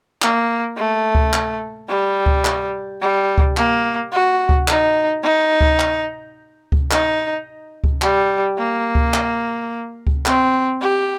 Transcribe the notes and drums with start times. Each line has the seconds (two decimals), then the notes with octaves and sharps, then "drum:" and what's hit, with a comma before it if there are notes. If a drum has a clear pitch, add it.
0.22 A#3, drum: clap
0.77 A3
1.15 drum: kick C#2
1.33 drum: clap
1.88 G3
2.26 drum: kick C#2
2.45 drum: clap
3.01 G3
3.38 drum: kick C#2
3.57 A#3, drum: clap
4.12 F#4
4.49 drum: kick C#2
4.68 D#4, drum: clap
5.23 D#4
5.61 drum: kick C#2
5.79 drum: clap
6.72 drum: kick C#2
6.91 D#4, drum: clap
7.84 drum: kick C#2
8.02 G3, drum: clap
8.58 A#3
8.95 drum: kick C#2
9.14 drum: clap
10.07 drum: kick C#2
10.26 C4, drum: clap
10.81 G4